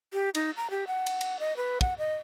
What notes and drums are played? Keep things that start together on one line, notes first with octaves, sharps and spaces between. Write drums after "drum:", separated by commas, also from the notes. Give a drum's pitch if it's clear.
G4
D#4, drum: cymbal
A#5
G4
F#5
drum: cymbal
drum: cymbal
D#5
B4
F#5, drum: kick
D#5